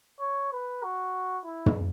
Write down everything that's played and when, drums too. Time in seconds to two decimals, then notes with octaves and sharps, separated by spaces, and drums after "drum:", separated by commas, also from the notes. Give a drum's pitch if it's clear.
0.20 C#5
0.53 B4
0.84 F#4
1.46 E4
1.66 drum: tom